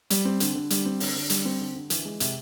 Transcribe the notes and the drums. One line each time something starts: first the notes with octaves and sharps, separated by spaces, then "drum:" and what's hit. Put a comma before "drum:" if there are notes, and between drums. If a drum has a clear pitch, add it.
G3, drum: hi-hat
C4
D3, drum: hi-hat
D3
G3, drum: hi-hat
C4
D3, drum: open hi-hat
D3
G3, drum: hi-hat
C4
D3
D3
E3, drum: hi-hat
G#3
C3, drum: hi-hat